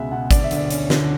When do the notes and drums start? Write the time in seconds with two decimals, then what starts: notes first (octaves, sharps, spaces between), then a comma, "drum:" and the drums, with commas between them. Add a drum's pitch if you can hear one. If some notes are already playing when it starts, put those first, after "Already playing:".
Already playing: C#2 B2 G#3 E5 F#5
0.11 B2 F#5
0.31 D3 D5, drum: kick G#1, hi-hat
0.44 E5
0.51 D2, drum: hi-hat
0.57 D5
0.70 C#4, drum: hi-hat
0.90 D3, drum: snare